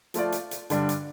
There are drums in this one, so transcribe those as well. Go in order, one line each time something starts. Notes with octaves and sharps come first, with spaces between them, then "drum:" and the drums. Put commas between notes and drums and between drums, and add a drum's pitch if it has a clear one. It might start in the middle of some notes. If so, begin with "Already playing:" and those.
F3 A3 F4 D5, drum: hi-hat
drum: hi-hat
drum: hi-hat
G2 D3 G3 D4, drum: hi-hat
drum: hi-hat